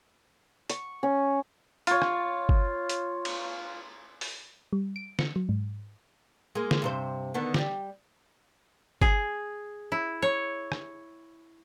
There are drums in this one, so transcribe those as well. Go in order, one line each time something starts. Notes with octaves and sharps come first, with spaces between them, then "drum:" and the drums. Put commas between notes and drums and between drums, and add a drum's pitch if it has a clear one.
C#6, drum: hi-hat
C#4
F4 C#5, drum: hi-hat
drum: rim click
drum: kick G1
drum: hi-hat
drum: cymbal
drum: open hi-hat
G3
D7
C#7, drum: snare
F#3
G#2
G#3 A#3
drum: snare
G2 C3 C5
D3 D#3 B3
G3 G4, drum: snare
G#4, drum: kick G1
E4
C#5
drum: rim click